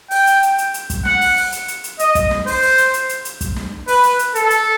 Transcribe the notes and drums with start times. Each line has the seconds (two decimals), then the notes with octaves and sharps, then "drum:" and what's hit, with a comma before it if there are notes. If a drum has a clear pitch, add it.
0.11 G5, drum: open hi-hat
0.27 drum: hi-hat
0.43 drum: hi-hat
0.58 drum: hi-hat
0.74 drum: hi-hat
0.90 drum: kick, hi-hat
1.05 F#5, drum: snare
1.21 drum: open hi-hat
1.37 drum: open hi-hat
1.52 drum: hi-hat
1.68 drum: hi-hat
1.84 drum: hi-hat
1.99 D#5, drum: hi-hat
2.15 drum: kick, hi-hat
2.31 drum: snare
2.47 C5, drum: open hi-hat
2.62 drum: open hi-hat
2.78 drum: hi-hat
2.94 drum: hi-hat
3.09 drum: hi-hat
3.25 drum: hi-hat
3.41 drum: kick, hi-hat
3.56 drum: snare
3.88 B4, drum: open hi-hat
4.03 drum: hi-hat
4.19 drum: hi-hat
4.35 A4, drum: hi-hat
4.50 drum: hi-hat